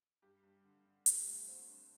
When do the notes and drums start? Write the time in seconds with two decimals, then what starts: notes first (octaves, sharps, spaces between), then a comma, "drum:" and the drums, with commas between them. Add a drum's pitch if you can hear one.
0.22 G2 G4
0.43 G2
0.64 D3
0.86 D3
1.06 G2 G3, drum: hi-hat
1.27 G2 A3
1.48 D3 C4
1.69 D3 D4